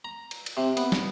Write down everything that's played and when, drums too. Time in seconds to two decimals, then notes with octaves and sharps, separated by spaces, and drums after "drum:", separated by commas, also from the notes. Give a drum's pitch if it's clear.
0.05 A#5
0.31 drum: cymbal
0.46 drum: cymbal
0.57 C3
0.77 B3, drum: cymbal
0.92 drum: snare